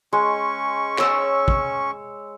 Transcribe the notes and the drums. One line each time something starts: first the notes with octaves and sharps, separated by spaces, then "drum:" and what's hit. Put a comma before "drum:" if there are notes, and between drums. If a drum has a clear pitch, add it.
G#3 C#4 C#6
C#5 E6, drum: clap
drum: kick